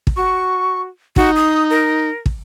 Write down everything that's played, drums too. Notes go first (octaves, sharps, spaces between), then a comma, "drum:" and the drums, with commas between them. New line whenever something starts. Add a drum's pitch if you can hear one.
drum: kick
F#4 C#6
D#4 F#4, drum: kick
D#6
A#4
drum: kick